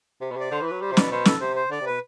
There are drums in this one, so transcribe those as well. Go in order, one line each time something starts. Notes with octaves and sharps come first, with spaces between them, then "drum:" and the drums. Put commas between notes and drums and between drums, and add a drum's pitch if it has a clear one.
C3
B2
C3 D5
D3 C5
E3
B4
F#3
G3 C5
C3
B2 D5, drum: snare
B2 C5
A4, drum: snare
C3 C5
C5
D3 D5
C3
B2 B4